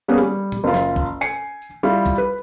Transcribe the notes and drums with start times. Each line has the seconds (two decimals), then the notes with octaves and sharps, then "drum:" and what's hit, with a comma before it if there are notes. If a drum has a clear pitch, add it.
0.08 G3 A#3 B3 C#4 G4 G#4
0.23 G3
0.52 drum: tom A2
0.64 F#1 F4
0.74 drum: snare
0.96 drum: kick
1.21 G#5 C7 C#7
1.62 drum: tambourine
1.83 G3 E4 F4
2.06 drum: kick, tambourine
2.18 B4